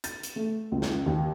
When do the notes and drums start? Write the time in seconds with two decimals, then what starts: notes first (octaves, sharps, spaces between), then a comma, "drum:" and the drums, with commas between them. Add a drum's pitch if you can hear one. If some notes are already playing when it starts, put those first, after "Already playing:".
0.04 A6, drum: hi-hat
0.23 drum: hi-hat
0.36 A3
0.72 C#2
0.82 drum: snare
1.06 D#2